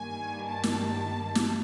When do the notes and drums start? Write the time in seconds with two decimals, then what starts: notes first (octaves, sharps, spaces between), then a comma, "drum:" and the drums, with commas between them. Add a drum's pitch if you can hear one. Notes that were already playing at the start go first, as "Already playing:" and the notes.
Already playing: G2 D#3 G3 A#3 G#5
0.46 A5
0.63 drum: snare
1.35 drum: snare